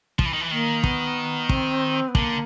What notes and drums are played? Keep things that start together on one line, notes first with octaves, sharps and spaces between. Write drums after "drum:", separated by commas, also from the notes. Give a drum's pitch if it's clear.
F3, drum: kick
E3
D#3
E3
D#3 A#3
B3, drum: kick
C4, drum: kick
B3
D3 A#3, drum: kick